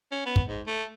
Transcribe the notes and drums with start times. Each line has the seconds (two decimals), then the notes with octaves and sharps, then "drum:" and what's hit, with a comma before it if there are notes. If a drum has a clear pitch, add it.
0.12 C#4
0.26 B3
0.36 drum: kick
0.48 G#2
0.67 A3